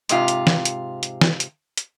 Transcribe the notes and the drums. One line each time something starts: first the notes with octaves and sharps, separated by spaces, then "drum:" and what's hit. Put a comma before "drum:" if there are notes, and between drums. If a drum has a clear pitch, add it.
G#2 C3 F4, drum: hi-hat
drum: hi-hat
drum: snare
drum: hi-hat
drum: hi-hat
drum: snare
drum: hi-hat
drum: hi-hat